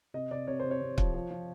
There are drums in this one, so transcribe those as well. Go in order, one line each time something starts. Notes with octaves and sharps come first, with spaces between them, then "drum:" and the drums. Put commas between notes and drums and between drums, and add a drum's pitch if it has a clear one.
C3 D#5
C3 D5
C3 C#5
C3 C5
C#5
C3
F3, drum: kick
F3
F3